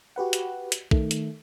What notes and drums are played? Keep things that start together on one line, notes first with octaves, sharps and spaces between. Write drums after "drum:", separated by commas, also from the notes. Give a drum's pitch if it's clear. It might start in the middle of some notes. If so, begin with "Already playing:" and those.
F#4 G4 B4 F#5
drum: hi-hat
drum: hi-hat
D#3 A3, drum: kick
drum: hi-hat